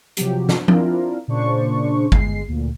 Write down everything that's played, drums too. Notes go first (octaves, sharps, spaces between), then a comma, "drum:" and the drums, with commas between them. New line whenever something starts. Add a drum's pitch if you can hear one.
C3 F3 F#3 G4, drum: hi-hat
drum: snare
C4 D4 E4 F4 A#4, drum: tom F3
A#2 C#3 D4 C5 C#6
G1 G#3 C7, drum: kick
D2 A#2